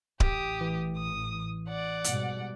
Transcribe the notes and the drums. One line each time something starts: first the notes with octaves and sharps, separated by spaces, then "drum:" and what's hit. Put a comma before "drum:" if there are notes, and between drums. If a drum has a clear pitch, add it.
A1 G4 D#6, drum: kick D1
E3
D#6
D5 F#5
G#2 B2 G3, drum: hi-hat